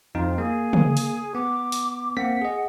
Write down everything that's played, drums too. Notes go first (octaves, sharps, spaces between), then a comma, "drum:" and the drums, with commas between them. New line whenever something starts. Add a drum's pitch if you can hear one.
F2 F3 D#4 F4
A#3 G#4
drum: tom C#3
drum: open hi-hat
B3 D6
drum: open hi-hat
A#3 C4 F#5 B6
G#4 D#5